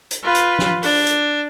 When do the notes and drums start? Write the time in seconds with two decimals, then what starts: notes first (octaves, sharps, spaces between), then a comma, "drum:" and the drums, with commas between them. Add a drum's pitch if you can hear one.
0.11 drum: hi-hat
0.24 F4 B4
0.35 drum: hi-hat
0.59 drum: snare
0.83 D4, drum: open hi-hat
1.07 drum: hi-hat